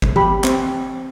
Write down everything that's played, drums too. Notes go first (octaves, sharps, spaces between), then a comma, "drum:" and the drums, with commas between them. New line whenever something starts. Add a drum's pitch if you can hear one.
drum: kick G1
G4 B5, drum: tom E3
C4, drum: clap